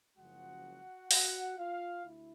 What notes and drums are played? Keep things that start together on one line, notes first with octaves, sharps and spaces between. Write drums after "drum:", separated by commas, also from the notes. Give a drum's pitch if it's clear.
F#1 F#2 C#3 F3 G#3 F#4 F#5
F#4 F#5, drum: open hi-hat
F4 F5
D2 E4